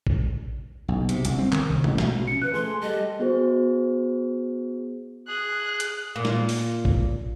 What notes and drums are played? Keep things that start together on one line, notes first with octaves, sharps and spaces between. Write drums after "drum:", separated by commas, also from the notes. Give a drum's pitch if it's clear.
drum: kick A1
B1
C3, drum: hi-hat
C2, drum: hi-hat
C4
D#3, drum: clap
C2
A1, drum: tom C3
B2, drum: snare
C#4 C#7
F3 B4 F#6
A3 G#4 C6
G3 A4 D#5
B3 F#4 G#4 C5
G#4 F#6
drum: hi-hat
A#2
drum: snare
drum: open hi-hat
drum: kick A1